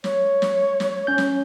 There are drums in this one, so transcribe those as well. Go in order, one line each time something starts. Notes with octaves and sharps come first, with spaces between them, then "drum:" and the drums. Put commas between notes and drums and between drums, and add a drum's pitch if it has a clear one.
C#5, drum: snare
drum: snare
drum: snare
C#4 G6
drum: snare